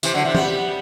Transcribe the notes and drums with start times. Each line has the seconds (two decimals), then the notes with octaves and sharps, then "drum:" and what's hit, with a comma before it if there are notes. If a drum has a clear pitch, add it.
0.03 C3 E3, drum: tambourine
0.14 D3 F#3
0.25 C3 E3
0.35 G3 B3, drum: tom E3